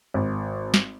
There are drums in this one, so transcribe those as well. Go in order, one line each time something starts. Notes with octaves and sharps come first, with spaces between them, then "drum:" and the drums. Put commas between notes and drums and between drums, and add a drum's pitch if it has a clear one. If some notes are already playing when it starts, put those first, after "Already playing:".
G#1
drum: snare